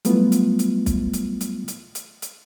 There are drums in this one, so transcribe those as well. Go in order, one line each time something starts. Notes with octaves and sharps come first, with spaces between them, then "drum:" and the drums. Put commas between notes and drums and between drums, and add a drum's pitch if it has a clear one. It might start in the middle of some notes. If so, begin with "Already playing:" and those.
F#3 G3 A3 B3 E4 F4, drum: hi-hat
drum: hi-hat
drum: hi-hat
drum: kick, hi-hat
drum: hi-hat
drum: hi-hat
drum: hi-hat
drum: hi-hat
drum: hi-hat